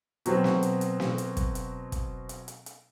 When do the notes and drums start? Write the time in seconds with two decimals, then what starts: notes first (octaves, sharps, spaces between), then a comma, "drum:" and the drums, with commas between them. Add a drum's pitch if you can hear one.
0.26 B2 F#3 C4, drum: hi-hat
0.44 drum: snare
0.63 drum: hi-hat
0.81 drum: hi-hat
1.00 drum: snare
1.18 drum: hi-hat
1.37 drum: kick, hi-hat
1.55 drum: hi-hat
1.92 drum: kick, hi-hat
2.29 drum: hi-hat
2.48 drum: hi-hat
2.66 drum: hi-hat